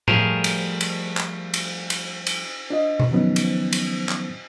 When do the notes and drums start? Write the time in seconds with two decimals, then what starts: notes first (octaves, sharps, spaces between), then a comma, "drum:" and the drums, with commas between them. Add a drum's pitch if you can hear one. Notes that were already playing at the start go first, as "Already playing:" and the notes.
0.08 F3 G3 A3 G#4 A#4, drum: tom A2
0.44 drum: cymbal
0.81 drum: cymbal
1.17 drum: clap
1.54 drum: cymbal
1.90 drum: cymbal
2.27 drum: cymbal
2.70 D4 F4 D#5
3.00 drum: tom B2
3.11 D#3 F3 F#3 B3 C#4 D#4
3.36 drum: cymbal
3.73 drum: cymbal
4.09 drum: clap